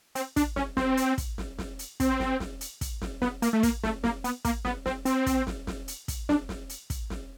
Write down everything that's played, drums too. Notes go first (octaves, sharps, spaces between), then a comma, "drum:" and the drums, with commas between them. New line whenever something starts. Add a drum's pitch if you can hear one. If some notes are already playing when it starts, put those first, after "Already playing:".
C4, drum: hi-hat
D4, drum: kick, hi-hat
C#4, drum: snare
C4, drum: snare
drum: hi-hat
drum: kick, hi-hat
drum: snare
drum: snare
drum: hi-hat
C4, drum: kick, hi-hat
drum: snare
drum: snare
drum: hi-hat
drum: kick, hi-hat
drum: snare
B3, drum: snare
A#3, drum: hi-hat
A3
A#3, drum: kick, hi-hat
A3, drum: snare
A#3, drum: snare
B3, drum: hi-hat
A#3, drum: kick, hi-hat
B3, drum: snare
C4, drum: snare
C4, drum: hi-hat
drum: kick, hi-hat
drum: snare
drum: snare
drum: hi-hat
drum: kick, hi-hat
D4, drum: snare
drum: snare
drum: hi-hat
drum: kick, hi-hat
drum: snare